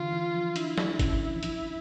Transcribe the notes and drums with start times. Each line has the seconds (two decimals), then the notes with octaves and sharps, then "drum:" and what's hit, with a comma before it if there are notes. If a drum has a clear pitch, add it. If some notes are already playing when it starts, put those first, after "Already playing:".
Already playing: D3 E3 F4
0.12 E3
0.34 F3
0.56 D4 E4, drum: hi-hat
0.78 drum: snare
0.99 C#4, drum: kick F#1, hi-hat
1.36 E3
1.43 F3 E4, drum: hi-hat